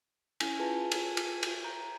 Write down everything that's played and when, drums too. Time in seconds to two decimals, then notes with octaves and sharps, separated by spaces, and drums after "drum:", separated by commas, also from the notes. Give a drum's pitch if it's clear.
0.40 C#4 E4 G#5, drum: cymbal
0.59 F4 G#4 B4 G#5 A5
0.92 drum: cymbal
1.17 drum: cymbal
1.43 drum: cymbal
1.64 A#5 G6